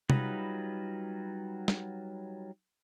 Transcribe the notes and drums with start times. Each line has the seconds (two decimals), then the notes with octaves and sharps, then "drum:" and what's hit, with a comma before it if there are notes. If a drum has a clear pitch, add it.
0.10 F#3 G3 D#4 F4 F#4 B4, drum: tom C3
1.68 drum: snare